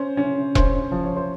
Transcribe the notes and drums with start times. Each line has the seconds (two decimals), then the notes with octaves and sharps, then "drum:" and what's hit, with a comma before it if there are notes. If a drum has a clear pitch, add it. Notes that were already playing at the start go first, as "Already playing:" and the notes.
Already playing: C#4 C5
0.17 C#4
0.55 C#4 C5, drum: kick E1
0.92 F3
1.04 C#5
1.16 C5